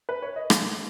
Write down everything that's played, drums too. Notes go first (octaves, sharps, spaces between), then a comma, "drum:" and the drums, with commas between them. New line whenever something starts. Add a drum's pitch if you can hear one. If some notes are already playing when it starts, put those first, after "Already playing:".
B4
C#5
D#5
A#3 F5, drum: rim click